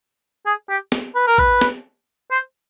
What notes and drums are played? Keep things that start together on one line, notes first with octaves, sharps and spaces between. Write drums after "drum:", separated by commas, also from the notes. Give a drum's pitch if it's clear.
G#4
G4
drum: snare
B4
A#4
B4, drum: kick
drum: snare
C5